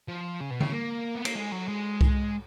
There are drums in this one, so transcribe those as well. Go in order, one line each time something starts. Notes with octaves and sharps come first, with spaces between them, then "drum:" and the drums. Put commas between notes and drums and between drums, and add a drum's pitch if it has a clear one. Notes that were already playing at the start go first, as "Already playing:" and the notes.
F3
C#3
B2
C#3, drum: tom D3
A#3
B3
A#3, drum: cymbal
G#3
F#3
G#3
drum: kick C2